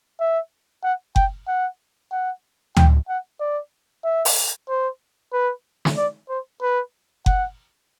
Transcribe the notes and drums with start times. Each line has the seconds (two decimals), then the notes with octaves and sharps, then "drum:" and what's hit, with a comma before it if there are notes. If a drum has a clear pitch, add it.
0.20 E5
0.84 F#5
1.16 G5, drum: kick F#1
1.48 F#5
2.12 F#5
2.77 G5, drum: tom D2
3.09 F#5
3.40 D5
4.04 E5
4.25 drum: open hi-hat
4.69 C5
5.33 B4
5.85 drum: snare
5.97 D5
6.29 C5
6.62 B4
7.26 F#5, drum: kick F#1